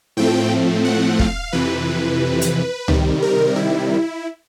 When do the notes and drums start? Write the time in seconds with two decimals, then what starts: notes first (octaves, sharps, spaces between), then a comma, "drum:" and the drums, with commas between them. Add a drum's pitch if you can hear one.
0.17 A2 F3 A3 C4 G5
0.85 F#5
1.19 F5, drum: kick
1.53 F2 C3 E3 B4
2.41 drum: hi-hat
2.88 C3 D#3 G3, drum: tom C#2
3.22 A#4
3.56 E4